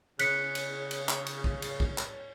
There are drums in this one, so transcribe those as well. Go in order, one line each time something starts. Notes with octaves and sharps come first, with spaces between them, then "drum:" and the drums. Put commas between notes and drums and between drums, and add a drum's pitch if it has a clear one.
C#3 C#5 F#6 B6 C#7, drum: cymbal
drum: cymbal
drum: cymbal
drum: clap
drum: cymbal
drum: kick
drum: cymbal
drum: kick
drum: clap